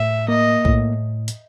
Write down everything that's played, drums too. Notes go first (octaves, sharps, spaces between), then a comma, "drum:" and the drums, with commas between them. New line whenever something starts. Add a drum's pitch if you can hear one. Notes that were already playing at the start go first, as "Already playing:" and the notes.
Already playing: A2 E5
A#3 D#5
A2, drum: kick B1
drum: hi-hat